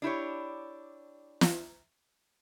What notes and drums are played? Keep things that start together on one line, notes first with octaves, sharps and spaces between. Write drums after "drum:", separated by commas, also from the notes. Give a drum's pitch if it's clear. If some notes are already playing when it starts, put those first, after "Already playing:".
D4 E4 G4 C#5
drum: snare